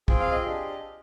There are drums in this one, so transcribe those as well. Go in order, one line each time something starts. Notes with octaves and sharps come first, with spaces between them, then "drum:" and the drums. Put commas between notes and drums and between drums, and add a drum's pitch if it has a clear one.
C4 F4 G#4 G5, drum: kick
F5
D#5
D4 G4